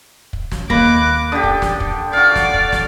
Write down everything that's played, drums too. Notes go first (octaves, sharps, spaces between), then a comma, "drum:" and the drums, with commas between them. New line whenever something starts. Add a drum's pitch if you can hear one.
drum: kick
drum: snare
D#2 A#3 B5 D6 F#6 A#6, drum: kick
D3 D4 G4 D#6
drum: kick
drum: snare
drum: kick
F#4 D5 F5
drum: snare
drum: kick
drum: snare